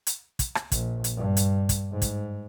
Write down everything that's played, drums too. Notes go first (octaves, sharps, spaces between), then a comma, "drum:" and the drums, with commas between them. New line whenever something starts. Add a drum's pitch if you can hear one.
drum: hi-hat
drum: kick, hi-hat
drum: rim click
A#1, drum: kick, hi-hat
drum: hi-hat
G2
drum: hi-hat
drum: kick, hi-hat
G#2
drum: kick, hi-hat